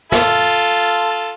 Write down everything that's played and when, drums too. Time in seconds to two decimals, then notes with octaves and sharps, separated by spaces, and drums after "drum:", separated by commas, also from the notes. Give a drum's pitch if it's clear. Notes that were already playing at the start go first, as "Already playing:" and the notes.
0.12 F4 A4, drum: snare